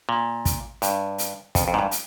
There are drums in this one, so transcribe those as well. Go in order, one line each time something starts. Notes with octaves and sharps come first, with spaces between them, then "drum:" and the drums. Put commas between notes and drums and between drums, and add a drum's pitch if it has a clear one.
A#2
drum: kick, hi-hat
G2, drum: hi-hat
drum: hi-hat
F2, drum: kick, hi-hat
F2
G#2
G2
drum: hi-hat